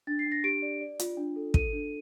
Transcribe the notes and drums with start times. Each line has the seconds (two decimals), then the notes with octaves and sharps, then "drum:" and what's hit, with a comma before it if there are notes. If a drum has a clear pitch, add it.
0.07 D4 A6
0.19 C7
0.26 D4
0.32 A#6
0.44 G4 D7
0.62 D5
0.81 D5
0.99 F4, drum: hi-hat
1.17 D4
1.36 A4
1.54 A4 D#7, drum: kick
1.73 D4